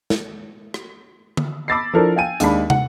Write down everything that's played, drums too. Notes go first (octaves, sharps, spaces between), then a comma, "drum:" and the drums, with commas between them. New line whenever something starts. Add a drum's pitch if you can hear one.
drum: snare
drum: rim click
drum: tom D3
B5 D6 E6 A6 A#6 C7
F3 D4 E4 A4 A#4 C5
F5 G5 G#5 D#7
D#2 G#3 D4 B5, drum: hi-hat
F#5, drum: tom